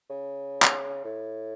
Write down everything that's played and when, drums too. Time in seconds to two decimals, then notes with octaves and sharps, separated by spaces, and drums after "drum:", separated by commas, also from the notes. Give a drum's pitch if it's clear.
0.10 C#3
0.63 drum: clap
1.05 A2